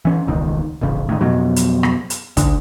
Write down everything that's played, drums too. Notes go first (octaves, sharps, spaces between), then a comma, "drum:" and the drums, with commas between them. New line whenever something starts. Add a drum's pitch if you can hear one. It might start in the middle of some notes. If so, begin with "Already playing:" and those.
E3 C#4
E1 C#2 D#3
D#1 A1 C#3
A2 D#3
F2 B2 F#3
drum: hi-hat
drum: rim click
drum: hi-hat
D2 D3, drum: kick, hi-hat